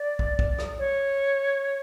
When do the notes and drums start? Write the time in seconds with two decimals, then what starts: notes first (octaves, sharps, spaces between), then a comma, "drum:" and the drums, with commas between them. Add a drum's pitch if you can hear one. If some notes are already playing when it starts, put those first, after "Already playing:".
Already playing: D5
0.19 drum: kick
0.39 drum: kick
0.59 drum: rim click
0.79 C#5